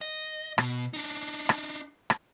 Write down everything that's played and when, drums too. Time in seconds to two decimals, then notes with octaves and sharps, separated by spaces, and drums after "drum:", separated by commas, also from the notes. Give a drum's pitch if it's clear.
0.01 D#5
0.58 B2, drum: rim click
0.93 D4 D#4
1.49 drum: rim click
2.10 drum: rim click